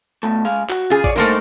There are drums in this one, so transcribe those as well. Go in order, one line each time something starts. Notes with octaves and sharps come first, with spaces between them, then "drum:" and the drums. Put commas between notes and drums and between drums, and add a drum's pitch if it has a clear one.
B2 A3
G#3 G#4 F5
F#4, drum: clap
C#3 F4 G#4
C#5 D5, drum: kick A1
G2 A3 A#3 D#4 A#4 C5